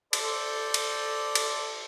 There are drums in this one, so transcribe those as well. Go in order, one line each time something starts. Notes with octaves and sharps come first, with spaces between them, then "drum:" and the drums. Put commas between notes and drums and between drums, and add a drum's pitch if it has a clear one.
A4 C5 D5, drum: cymbal
drum: cymbal
drum: cymbal